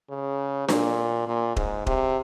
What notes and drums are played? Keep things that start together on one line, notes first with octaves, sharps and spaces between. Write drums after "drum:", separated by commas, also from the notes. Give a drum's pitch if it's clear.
C#3
A#2, drum: snare D4
A#2
G#2, drum: kick D#1
C3, drum: kick D#1